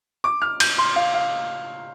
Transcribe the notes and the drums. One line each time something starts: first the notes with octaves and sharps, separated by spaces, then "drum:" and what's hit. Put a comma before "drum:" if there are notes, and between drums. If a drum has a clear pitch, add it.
D6
F6
G6, drum: cymbal
C6
F5
F5